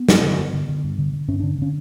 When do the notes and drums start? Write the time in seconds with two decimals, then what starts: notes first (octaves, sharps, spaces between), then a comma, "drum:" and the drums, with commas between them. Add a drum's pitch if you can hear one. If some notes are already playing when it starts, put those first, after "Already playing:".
Already playing: B3
0.09 G2, drum: snare
0.23 D3
0.38 G2
0.54 D3
0.69 D3
0.84 G2
0.98 D3
1.13 D3
1.28 G2 C#4
1.40 D3 D4
1.58 D3 C#4